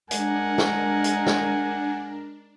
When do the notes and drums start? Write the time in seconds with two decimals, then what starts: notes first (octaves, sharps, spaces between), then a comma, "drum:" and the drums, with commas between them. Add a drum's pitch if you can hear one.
0.11 G#3 D4 A#4 F#5 G#5, drum: hi-hat
0.58 drum: snare
1.04 drum: hi-hat
1.26 drum: snare